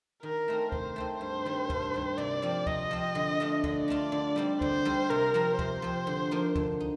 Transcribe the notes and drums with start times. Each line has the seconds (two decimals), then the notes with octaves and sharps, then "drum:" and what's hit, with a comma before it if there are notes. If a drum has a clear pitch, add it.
0.23 D#3 A#4
0.48 A3 C4 D#4
0.72 D#3 C5, drum: kick C#2
0.96 A3 C4 D#4
1.20 G2 C5
1.45 D#3 G3
1.70 G2, drum: kick C#2
1.94 D#3 G3
2.18 C3 D5
2.42 F3 C4
2.67 C3 D#5, drum: kick C#2
2.91 F3 C4
3.15 D3
3.40 A3 D4 F4
3.64 D3 D5, drum: kick C#2
3.88 A3 D4 F4
4.12 D3
4.36 G3 C4 D#4
4.61 D3 C5, drum: kick C#2
4.85 G3 C4 D#4
5.10 C3 A#4
5.34 F3 C4
5.59 C3 C5, drum: kick C#2
5.82 F3 C4
6.07 D3
6.31 F3 A#3 D#4
6.55 D3, drum: kick C#2
6.80 D#4